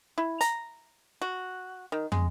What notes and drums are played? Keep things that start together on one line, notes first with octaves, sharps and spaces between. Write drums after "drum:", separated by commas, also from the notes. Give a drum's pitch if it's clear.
E4
A#5, drum: hi-hat
F#4
D#3
G#3, drum: tom